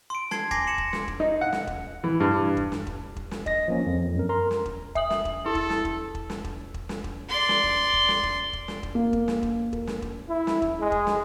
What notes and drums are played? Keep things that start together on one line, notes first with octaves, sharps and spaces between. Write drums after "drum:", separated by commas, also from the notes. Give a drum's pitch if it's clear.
C6 D7
A5 C6 G#6 C7, drum: snare
G#5 D6 A#6 C7, drum: kick E1
C#7 E7 F#7
drum: kick E1
drum: snare
drum: kick E1
D#4
F#5
drum: snare
drum: kick E1
E3
G2
drum: kick E1
drum: snare
drum: kick E1
drum: kick E1
drum: snare
D#5 A#6, drum: kick E1
F3 A#3 C#4
F2
F#2 A#4
A#4 A#5 C6
drum: snare
drum: kick E1
E5 D#6 F#7, drum: kick E1
drum: snare
drum: kick E1
E4 A4
drum: kick E1
drum: snare
drum: kick E1
drum: kick E1
drum: snare
drum: kick E1
drum: kick E1
drum: snare
drum: kick E1
D5 C6
drum: snare
drum: kick E1
drum: kick E1
drum: snare
drum: kick E1
drum: kick E1
drum: snare
drum: kick E1
A#3
drum: kick E1
drum: snare
drum: kick E1
A#4, drum: kick E1
drum: snare
drum: kick E1
E4
drum: snare
drum: kick E1
G#3
drum: kick E1
drum: snare